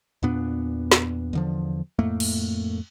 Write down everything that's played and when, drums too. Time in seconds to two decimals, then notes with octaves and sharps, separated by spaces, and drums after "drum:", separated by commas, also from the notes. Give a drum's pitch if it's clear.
0.23 E2 A#2 B3 D4
0.92 drum: snare
1.33 E2 D3 F3
1.99 F2 A2 A3 A#3
2.20 drum: cymbal